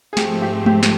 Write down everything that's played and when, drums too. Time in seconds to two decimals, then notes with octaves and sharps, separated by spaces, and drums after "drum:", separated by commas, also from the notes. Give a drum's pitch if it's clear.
0.13 G#4
0.17 G#2 F3 A3 C4 G4, drum: snare
0.42 G4
0.66 G4, drum: tom G#3
0.83 drum: snare